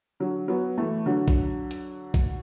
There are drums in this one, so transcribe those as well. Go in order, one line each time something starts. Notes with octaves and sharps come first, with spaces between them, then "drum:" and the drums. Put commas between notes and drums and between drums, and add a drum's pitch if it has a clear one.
D3 F#3
F#3 B3
E3 A3
D3 F#3
drum: kick A#1, hi-hat
drum: hi-hat
drum: kick A#1, hi-hat